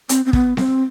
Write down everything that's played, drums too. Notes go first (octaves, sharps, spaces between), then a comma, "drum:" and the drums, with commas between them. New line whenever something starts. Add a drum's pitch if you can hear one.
C4, drum: hi-hat
C4
B3, drum: kick
C4, drum: snare C4